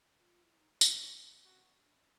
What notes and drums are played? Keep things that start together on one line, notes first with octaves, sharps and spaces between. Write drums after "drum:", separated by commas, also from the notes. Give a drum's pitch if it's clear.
F4
E4
D#4
D#4, drum: tambourine
C#4 D4
C#4
C4 F#4
B3
D4
C#4